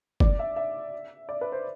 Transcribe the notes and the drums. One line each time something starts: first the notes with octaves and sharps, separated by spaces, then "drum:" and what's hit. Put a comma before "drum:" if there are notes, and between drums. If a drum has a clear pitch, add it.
D5, drum: kick F#1
E5
E5
D5
B4
C5